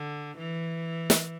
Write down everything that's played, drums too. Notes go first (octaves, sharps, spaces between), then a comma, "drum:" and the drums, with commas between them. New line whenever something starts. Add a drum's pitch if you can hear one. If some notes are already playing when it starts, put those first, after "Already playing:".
Already playing: D3
E3
drum: snare